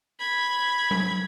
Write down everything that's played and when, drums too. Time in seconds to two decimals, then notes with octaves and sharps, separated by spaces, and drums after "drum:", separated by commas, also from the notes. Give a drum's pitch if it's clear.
0.19 B5 G#6
0.91 drum: tom F#3